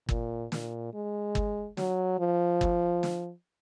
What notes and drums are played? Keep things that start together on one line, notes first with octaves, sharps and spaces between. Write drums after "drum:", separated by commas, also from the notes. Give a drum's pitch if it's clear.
A#2, drum: kick
A#2, drum: snare
G#3
drum: kick
F#3, drum: snare
F3
drum: kick
drum: snare